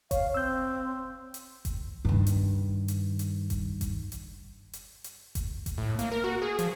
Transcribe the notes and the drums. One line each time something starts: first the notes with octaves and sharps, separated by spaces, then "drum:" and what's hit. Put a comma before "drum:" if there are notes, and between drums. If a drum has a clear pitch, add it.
C#5 F5, drum: kick F#1, hi-hat
C4 E6 G6
drum: hi-hat
drum: kick F#1, hi-hat
G2 D#3
drum: hi-hat
drum: hi-hat
drum: hi-hat
drum: kick F#1, hi-hat
drum: kick F#1, hi-hat
drum: hi-hat
drum: hi-hat
drum: hi-hat
drum: kick F#1, hi-hat
drum: kick F#1, hi-hat
A2
A#3, drum: hi-hat
A#4
F#4
G#4
F3, drum: hi-hat